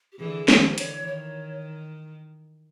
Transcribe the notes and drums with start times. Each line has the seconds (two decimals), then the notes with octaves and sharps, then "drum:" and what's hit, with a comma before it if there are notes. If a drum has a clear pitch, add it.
0.12 G4
0.19 D3 E3 G#4
0.48 D#3 F3 G4, drum: snare
0.72 C5
0.78 D3 E3 C#5, drum: hi-hat
1.07 D#3 C#5